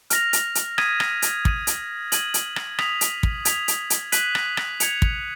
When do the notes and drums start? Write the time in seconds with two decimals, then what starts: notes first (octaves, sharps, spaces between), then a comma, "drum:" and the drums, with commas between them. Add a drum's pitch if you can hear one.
0.10 F6 A#6 F7, drum: hi-hat
0.33 drum: hi-hat
0.55 drum: hi-hat
0.78 D#6 G#6 B6 D#7, drum: rim click
1.00 drum: rim click
1.22 drum: hi-hat
1.45 D#6 G#6 D#7, drum: kick
1.67 drum: hi-hat
2.12 G#6 D#7 F#7, drum: hi-hat
2.34 drum: hi-hat
2.56 drum: rim click
2.79 D#6 G#6 B6 F7, drum: rim click
3.01 drum: hi-hat
3.23 drum: kick
3.45 G#6 B6 F7, drum: hi-hat
3.68 drum: hi-hat
3.90 drum: hi-hat
4.12 F#6 B6 D#7 F#7, drum: hi-hat
4.35 drum: rim click
4.57 drum: rim click
4.80 G#6 C#7 F7, drum: hi-hat
5.02 drum: kick